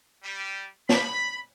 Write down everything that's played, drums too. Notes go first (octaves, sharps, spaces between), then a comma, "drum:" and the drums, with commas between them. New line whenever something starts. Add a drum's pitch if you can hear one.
G3
B5, drum: snare